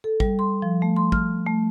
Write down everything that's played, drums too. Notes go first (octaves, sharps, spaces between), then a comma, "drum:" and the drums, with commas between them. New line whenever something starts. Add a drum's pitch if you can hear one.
A4
G3, drum: kick
C6
F3
A3
C6
F6, drum: kick
A3